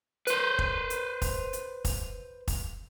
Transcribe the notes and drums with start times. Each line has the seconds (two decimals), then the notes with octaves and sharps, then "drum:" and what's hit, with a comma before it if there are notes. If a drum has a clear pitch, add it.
0.27 B4 C5, drum: hi-hat
0.59 drum: kick
0.90 drum: hi-hat
1.22 drum: kick, open hi-hat
1.53 drum: hi-hat
1.85 drum: kick, open hi-hat
2.48 drum: kick, open hi-hat